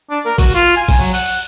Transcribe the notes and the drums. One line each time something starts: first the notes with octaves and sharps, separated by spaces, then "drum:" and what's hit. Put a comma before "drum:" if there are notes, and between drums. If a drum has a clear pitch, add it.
D4
A#4
F#4, drum: kick, open hi-hat
F4
G#5
drum: kick, open hi-hat
F#3
F#5, drum: open hi-hat